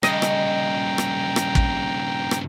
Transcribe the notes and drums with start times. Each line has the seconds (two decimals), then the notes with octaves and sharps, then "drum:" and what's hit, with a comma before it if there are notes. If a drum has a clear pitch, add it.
0.03 G2 C#3 D#5 G5 A#5, drum: rim click
0.22 drum: rim click
0.98 drum: rim click
1.36 drum: rim click
1.55 drum: kick
2.31 drum: rim click